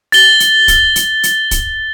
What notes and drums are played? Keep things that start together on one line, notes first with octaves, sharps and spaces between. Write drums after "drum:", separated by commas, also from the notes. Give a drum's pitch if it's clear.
A6 G7, drum: open hi-hat
drum: hi-hat
drum: kick, hi-hat
drum: hi-hat
drum: hi-hat
drum: kick, hi-hat